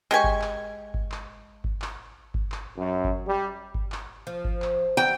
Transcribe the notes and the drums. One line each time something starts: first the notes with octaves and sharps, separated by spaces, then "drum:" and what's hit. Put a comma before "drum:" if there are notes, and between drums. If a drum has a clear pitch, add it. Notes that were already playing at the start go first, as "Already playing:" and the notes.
G#3 G4 G#5 C#6
drum: kick G1
drum: clap
drum: kick G1
drum: clap
drum: kick G1
drum: clap
drum: kick G1
drum: clap
F#2
drum: kick G1
G3
drum: kick G1
drum: clap
F3
drum: kick G1
drum: clap
E3 G5